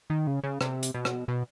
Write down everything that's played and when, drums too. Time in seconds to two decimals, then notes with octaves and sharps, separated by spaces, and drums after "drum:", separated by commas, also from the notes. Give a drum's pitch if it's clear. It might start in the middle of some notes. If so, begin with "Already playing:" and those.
0.10 D#3
0.27 C#3
0.44 C#3
0.61 C3, drum: rim click
0.83 drum: hi-hat
0.94 B2
1.05 drum: rim click
1.28 B2